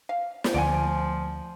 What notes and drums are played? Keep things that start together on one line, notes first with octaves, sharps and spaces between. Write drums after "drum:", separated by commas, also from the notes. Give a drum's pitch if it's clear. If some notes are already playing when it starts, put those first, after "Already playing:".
F5
drum: snare
D2 F3 D5 F#5 G#5